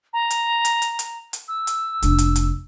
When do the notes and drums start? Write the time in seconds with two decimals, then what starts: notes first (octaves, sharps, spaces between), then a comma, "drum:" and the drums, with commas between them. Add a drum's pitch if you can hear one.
0.13 A#5
0.30 drum: hi-hat
0.65 drum: hi-hat
0.82 drum: hi-hat
0.99 drum: hi-hat
1.33 drum: hi-hat
1.48 E6
1.67 drum: hi-hat
2.02 F1 D4, drum: hi-hat
2.18 drum: hi-hat
2.36 drum: hi-hat